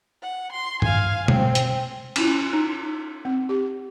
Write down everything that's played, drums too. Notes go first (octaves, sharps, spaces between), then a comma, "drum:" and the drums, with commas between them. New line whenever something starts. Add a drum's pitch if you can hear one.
F#5
C6
F5 G#5, drum: tom G2
C4, drum: tom B2
drum: hi-hat
C#4 E4 F4, drum: cymbal
C#4
D#4
C4
G4